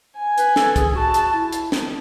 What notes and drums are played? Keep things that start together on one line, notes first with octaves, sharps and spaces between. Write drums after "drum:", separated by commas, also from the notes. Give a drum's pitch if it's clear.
G#5
B4, drum: hi-hat
A4, drum: snare
G#4, drum: kick, hi-hat
F#4 A5
drum: hi-hat
E4
drum: hi-hat
B3, drum: snare